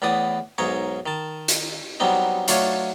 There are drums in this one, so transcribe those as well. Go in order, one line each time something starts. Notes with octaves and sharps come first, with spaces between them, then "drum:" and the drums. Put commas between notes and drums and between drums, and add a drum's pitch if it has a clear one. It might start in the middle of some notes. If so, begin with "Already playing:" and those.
E2 A2 B3 D5 D#6
B1 G#2 D#4 C#5
D#3 A5
drum: hi-hat
F#3 G3 B3 C4 D#4
F#3 A3 D4 F4 C#5, drum: hi-hat